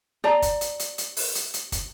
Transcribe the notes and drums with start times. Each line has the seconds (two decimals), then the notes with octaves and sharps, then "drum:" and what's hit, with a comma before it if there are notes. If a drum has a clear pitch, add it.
0.24 D5 A5 A#5
0.42 drum: kick, hi-hat
0.61 drum: hi-hat
0.79 drum: hi-hat
0.98 drum: hi-hat
1.17 drum: open hi-hat
1.35 drum: hi-hat
1.54 drum: hi-hat
1.72 drum: kick, hi-hat